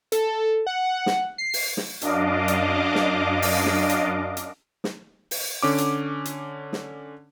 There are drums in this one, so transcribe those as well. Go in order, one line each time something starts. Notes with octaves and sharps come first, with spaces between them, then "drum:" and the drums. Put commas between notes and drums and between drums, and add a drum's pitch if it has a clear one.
A4, drum: hi-hat
F#5
drum: snare
C7
drum: open hi-hat
drum: snare
F#2 D4 D#5 F5 D6, drum: hi-hat
drum: hi-hat
drum: snare
drum: open hi-hat
drum: snare
drum: hi-hat
drum: hi-hat
drum: snare
drum: open hi-hat
D3 C#4 D6
drum: hi-hat
drum: hi-hat
drum: snare